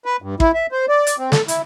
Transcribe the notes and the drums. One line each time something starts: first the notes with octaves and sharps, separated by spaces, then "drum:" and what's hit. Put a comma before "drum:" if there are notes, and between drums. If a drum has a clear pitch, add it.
B4
G2
E4, drum: kick
E5
C5
D5
drum: hi-hat
C4
A4, drum: snare
E4, drum: hi-hat